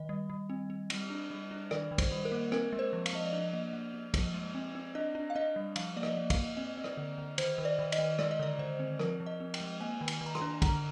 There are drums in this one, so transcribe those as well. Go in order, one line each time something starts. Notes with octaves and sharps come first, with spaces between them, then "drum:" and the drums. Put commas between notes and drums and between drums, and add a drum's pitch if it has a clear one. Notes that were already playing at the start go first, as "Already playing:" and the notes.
Already playing: D#3 D#5
G3
G3
C4
C4
G3, drum: cymbal
D4
G3
D4
D#3 D5, drum: rim click
D#3
C5, drum: kick, cymbal
G3
A#4
A#3
C4 A#4, drum: rim click
G#3
C5
F3
F5, drum: cymbal
F3 D#5
D5
D4 D#5
A#3
A#3
A#3
F3, drum: kick, cymbal
G#3
C4
C4
D4 D#5
D4
F5
D4 D#5
G3
F3 F5, drum: cymbal
A#3 D5
D#5, drum: rim click
A#3
F5, drum: kick, cymbal
A#3
C4 D#5
C4
D5, drum: rim click
D3
D3
D#3 C5, drum: cymbal
D#3
D5
D#3
D#5, drum: cymbal
D#3
G#3 D5, drum: rim click
D#5
D3 D5
D3 C5
C4
F3 A#4, drum: rim click
F3
D#5
C4
G5, drum: cymbal
G#3
A#3 G#5
D#3
G#5, drum: cymbal
D#3
A#5
C6, drum: rim click
D4
D3 A#5, drum: kick, cymbal